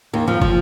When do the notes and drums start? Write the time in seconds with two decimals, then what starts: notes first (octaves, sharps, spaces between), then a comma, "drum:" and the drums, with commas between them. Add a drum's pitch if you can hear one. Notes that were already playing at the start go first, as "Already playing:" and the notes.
0.13 D#2 D#3
0.27 F2 F3
0.42 F3, drum: kick